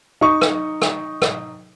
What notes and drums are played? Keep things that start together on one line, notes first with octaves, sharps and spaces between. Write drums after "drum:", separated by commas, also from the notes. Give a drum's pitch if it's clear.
D#4 C#6
drum: rim click
drum: rim click
drum: rim click